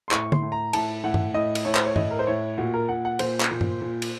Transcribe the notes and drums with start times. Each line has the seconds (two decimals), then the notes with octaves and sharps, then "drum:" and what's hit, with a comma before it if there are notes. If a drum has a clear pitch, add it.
0.08 C6
0.11 A2 C#6, drum: clap
0.32 C6, drum: tom
0.42 A2
0.52 A#5
0.73 A2 A5, drum: cymbal
1.04 A2 F#5
1.14 drum: tom G2
1.34 A2 D#5
1.55 drum: cymbal
1.65 A2 C#5
1.75 C5, drum: clap
1.86 C#5
1.96 A2 D#5, drum: tom G2
2.11 A#4
2.19 C5
2.27 A2 C#5
2.58 A#2 F#4
2.74 A#4
2.89 A#2 F#5
3.05 F#5
3.19 A#2 C5, drum: cymbal
3.40 drum: clap
3.51 A#2
3.61 drum: tom G2
3.81 A#2
4.02 drum: cymbal